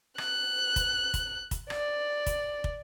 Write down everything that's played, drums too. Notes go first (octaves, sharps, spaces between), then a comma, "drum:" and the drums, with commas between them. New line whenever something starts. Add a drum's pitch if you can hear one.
F#6, drum: rim click
drum: kick, hi-hat
drum: kick, hi-hat
drum: kick, hi-hat
D5, drum: rim click
drum: kick, hi-hat
drum: kick